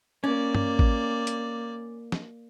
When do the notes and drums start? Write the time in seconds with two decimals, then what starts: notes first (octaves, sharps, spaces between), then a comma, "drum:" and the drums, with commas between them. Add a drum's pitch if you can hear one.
0.24 A#3 C#4 D5
0.55 drum: tom G2
0.79 drum: kick A1
1.27 drum: hi-hat
2.12 drum: snare